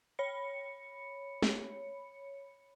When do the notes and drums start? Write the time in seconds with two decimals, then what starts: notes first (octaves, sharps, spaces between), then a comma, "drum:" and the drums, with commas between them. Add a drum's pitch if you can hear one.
0.19 C#5 B5 C#7
1.42 drum: snare